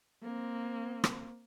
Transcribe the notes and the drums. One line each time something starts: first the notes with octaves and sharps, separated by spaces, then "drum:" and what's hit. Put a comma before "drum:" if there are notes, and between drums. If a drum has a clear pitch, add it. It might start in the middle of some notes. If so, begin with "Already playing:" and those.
A#3 C4
drum: rim click